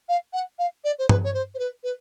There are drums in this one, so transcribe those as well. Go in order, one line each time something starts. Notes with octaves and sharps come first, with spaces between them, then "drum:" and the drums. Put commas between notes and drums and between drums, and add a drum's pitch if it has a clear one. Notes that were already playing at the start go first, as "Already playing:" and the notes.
F5
F#5
F5
D5
C5
B4, drum: tom G2
C#5
C5
C5
B4
B4